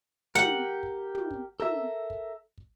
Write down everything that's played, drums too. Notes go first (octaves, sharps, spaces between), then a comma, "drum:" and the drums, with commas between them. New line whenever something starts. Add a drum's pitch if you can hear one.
G4 A#4 F#5, drum: tom
drum: kick
drum: tom
drum: kick
A4 A#4 E5, drum: tom
drum: kick
drum: kick